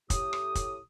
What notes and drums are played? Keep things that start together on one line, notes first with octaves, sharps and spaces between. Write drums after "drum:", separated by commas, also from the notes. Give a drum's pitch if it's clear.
A2 G4 D#6, drum: kick, hi-hat
drum: rim click
drum: kick, hi-hat